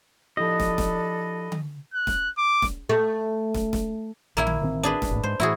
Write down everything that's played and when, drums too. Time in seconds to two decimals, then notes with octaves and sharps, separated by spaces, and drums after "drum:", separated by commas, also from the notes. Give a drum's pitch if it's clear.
0.37 F3 D4 E4 G4 A4 D#5 B5
0.60 drum: snare
0.78 drum: snare
1.52 drum: tom D3
1.94 F#6
2.07 drum: snare
2.38 D6
2.62 drum: snare
2.89 A3
3.54 drum: snare
3.73 drum: snare
4.37 A#1 A#3 E4 G#5
4.47 drum: tom D3
4.61 A1 D#3 C4
4.83 D4 G#4 B4
5.02 drum: snare
5.11 G#1 A2
5.24 G#2 C5
5.40 A2 E3 E4 F#4 G#4